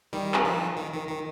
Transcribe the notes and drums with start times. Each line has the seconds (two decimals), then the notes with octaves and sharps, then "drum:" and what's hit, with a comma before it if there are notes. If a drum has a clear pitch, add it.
0.13 D#3 G3
0.34 drum: clap
0.45 F3
0.76 D#3
0.92 D#3
1.08 D#3